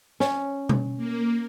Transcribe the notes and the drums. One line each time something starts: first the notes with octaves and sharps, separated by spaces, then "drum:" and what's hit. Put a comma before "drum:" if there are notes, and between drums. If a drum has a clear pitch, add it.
C#4, drum: snare
drum: tom B2
A#3